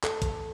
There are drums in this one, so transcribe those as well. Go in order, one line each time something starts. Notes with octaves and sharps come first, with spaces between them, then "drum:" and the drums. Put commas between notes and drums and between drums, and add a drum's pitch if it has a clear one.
A4, drum: clap
drum: kick, hi-hat